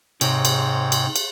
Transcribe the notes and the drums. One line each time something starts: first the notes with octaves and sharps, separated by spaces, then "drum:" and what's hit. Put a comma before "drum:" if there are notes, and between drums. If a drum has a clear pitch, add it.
G#2 C3 C4 C#5, drum: cymbal
drum: cymbal
drum: cymbal
drum: cymbal